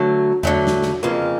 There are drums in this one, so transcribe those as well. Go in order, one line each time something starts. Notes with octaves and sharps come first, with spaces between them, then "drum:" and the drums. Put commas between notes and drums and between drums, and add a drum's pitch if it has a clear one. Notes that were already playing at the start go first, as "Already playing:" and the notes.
Already playing: D3 F#3 A3
D3 F#3 A3, drum: tom E2
drum: snare
drum: snare
F2 C#3 F3 A#3